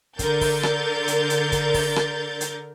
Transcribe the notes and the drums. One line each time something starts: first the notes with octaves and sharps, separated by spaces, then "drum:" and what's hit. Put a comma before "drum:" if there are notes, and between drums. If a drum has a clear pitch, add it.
D3 A#4 G6 A6, drum: kick, hi-hat
drum: kick, open hi-hat
drum: rim click
drum: hi-hat
drum: hi-hat
drum: kick, hi-hat
drum: kick, open hi-hat
drum: rim click
drum: hi-hat